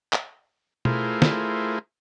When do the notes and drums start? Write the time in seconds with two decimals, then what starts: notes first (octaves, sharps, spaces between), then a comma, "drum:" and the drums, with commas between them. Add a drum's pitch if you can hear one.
0.13 drum: clap
0.85 A3 E4 F4 G#4 A#4 C5, drum: tom B2
1.22 drum: snare